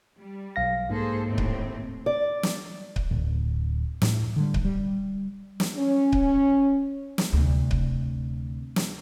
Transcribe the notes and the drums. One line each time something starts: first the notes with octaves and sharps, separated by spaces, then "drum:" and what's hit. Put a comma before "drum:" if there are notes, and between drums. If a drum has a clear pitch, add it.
G3
B1 F5 A#6
G#2 A#3 G#4 A4 C5
D#2 A2 C4
drum: kick C#1
D5
drum: snare
drum: kick C#1
D1
A2, drum: snare
D3 G3
drum: kick C#1
G3
drum: snare
C#4
drum: kick C#1
drum: snare
D2 C3
drum: kick C#1
drum: snare